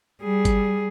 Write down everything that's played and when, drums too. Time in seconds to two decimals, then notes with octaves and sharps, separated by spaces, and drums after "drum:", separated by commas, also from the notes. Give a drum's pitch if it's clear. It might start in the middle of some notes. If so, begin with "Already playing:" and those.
0.22 G3 G#4
0.45 drum: kick G1, hi-hat